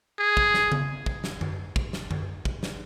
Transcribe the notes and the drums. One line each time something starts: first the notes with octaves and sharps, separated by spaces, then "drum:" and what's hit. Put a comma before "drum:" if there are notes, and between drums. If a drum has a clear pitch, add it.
G#4
drum: kick
drum: snare
drum: tom C#3
drum: kick
drum: snare
drum: tom
drum: kick
drum: snare
drum: tom
drum: kick
drum: snare